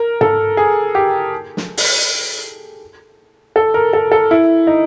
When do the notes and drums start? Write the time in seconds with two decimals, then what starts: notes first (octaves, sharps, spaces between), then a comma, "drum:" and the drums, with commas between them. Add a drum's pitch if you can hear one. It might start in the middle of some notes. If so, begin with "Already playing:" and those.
Already playing: A#4
0.21 A4, drum: tom G#2
0.57 G#4
0.95 G4
1.57 drum: snare
1.77 drum: open hi-hat
3.56 A4
3.74 A#4
3.93 A4
4.12 A4
4.31 E4
4.67 D#4